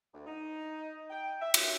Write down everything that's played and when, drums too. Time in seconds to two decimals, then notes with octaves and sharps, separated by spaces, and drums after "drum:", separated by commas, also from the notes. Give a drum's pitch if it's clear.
0.14 D2
0.27 D#4
1.10 G5
1.42 E5
1.54 drum: cymbal